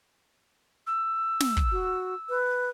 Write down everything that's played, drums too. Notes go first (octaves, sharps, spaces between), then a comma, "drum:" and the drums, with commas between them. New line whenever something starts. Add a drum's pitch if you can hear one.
E6
drum: snare
drum: kick
F#4
B4